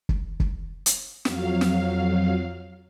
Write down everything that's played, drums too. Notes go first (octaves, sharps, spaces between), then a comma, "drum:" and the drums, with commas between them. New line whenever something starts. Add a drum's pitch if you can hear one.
drum: kick
drum: kick
drum: hi-hat
F2 F#3 F5, drum: snare
drum: snare